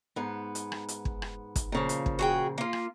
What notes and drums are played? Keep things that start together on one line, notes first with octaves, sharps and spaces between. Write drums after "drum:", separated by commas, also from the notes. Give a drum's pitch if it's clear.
G#2 B3
drum: hi-hat
drum: rim click
drum: hi-hat
drum: kick
drum: rim click
drum: kick, hi-hat
A#2 C#3 F3
drum: hi-hat
drum: kick
F#4 G#4 G5
A#3 F4
drum: rim click